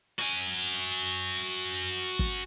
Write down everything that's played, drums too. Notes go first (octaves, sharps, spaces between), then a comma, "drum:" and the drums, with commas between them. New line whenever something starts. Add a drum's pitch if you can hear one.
F#4 G#5, drum: hi-hat
drum: kick